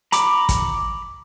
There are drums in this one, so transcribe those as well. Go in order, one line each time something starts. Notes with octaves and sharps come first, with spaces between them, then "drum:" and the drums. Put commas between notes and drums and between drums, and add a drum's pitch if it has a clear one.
A#5 B5 D6, drum: hi-hat
drum: kick, hi-hat